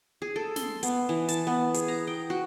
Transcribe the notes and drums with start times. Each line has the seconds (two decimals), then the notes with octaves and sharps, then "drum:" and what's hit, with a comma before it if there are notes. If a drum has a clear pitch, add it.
0.22 G#4
0.36 A4
0.56 C6, drum: snare
0.83 B3, drum: hi-hat
1.09 E3
1.29 A5, drum: hi-hat
1.47 B3
1.74 G#4, drum: hi-hat
1.88 A#5
2.07 G5
2.30 F#4